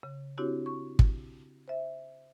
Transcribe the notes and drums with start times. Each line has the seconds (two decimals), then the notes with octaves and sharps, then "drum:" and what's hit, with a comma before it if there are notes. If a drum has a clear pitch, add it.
0.03 C#3
0.38 C4 D4 E4 F#4 G4 C#5
0.66 C#6
0.99 drum: kick
1.68 C5 E5